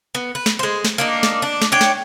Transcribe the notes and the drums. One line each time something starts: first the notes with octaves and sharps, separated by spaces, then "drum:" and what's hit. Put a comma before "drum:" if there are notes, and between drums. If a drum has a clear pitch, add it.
B3
B4
drum: snare
G#3 C5
drum: snare
A#3 D4 D#4
drum: snare
D4
drum: snare
D4 C#5 G5
drum: snare